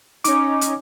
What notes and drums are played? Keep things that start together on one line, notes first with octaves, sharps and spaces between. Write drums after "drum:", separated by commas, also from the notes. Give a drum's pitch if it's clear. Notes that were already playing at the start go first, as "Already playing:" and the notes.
C#4 D#4 D6, drum: hi-hat
drum: hi-hat